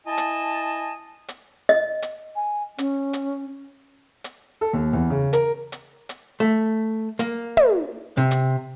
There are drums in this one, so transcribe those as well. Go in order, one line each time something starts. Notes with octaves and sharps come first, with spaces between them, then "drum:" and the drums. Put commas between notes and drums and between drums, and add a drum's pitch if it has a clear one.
E4 D#5 G#5 A5
drum: hi-hat
drum: hi-hat
D#5
drum: hi-hat
G#5
C#4, drum: hi-hat
drum: hi-hat
drum: hi-hat
A4
D#2
E2
C#3
A#4, drum: hi-hat
drum: hi-hat
drum: hi-hat
A3
A#3, drum: hi-hat
drum: tom
C3
drum: hi-hat